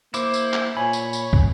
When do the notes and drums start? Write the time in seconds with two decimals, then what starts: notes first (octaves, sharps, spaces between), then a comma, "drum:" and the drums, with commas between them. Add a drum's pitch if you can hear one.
0.14 A#3 E4 C5 D6, drum: tambourine
0.34 drum: tambourine
0.54 drum: clap
0.77 A#2 C#5 G#5 B5
0.93 drum: tambourine
1.13 drum: tambourine
1.33 drum: kick